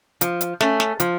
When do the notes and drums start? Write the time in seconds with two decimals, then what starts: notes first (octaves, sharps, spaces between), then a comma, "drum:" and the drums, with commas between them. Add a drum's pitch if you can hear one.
0.21 F3, drum: hi-hat
0.41 drum: hi-hat
0.61 A3 C#4, drum: snare
0.80 drum: snare
1.00 F3, drum: hi-hat